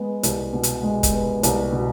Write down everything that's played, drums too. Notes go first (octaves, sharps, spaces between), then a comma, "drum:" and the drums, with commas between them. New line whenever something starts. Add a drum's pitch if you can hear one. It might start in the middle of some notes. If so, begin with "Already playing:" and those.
Already playing: G#3 B3
C2, drum: hi-hat
B2
drum: hi-hat
G#3
drum: kick, hi-hat
B3
C2, drum: hi-hat
B2